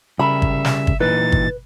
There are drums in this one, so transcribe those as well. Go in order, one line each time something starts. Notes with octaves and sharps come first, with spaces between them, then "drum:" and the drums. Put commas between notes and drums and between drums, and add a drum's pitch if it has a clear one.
C#3 G3 A#4 E5 B5
drum: kick G1
drum: snare
drum: kick G1
A#2 E3 D#4 B4 A6
drum: kick G1